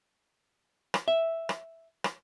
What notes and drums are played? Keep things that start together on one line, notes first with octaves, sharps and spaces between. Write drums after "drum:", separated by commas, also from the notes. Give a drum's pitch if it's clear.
drum: rim click
E5
drum: rim click
drum: rim click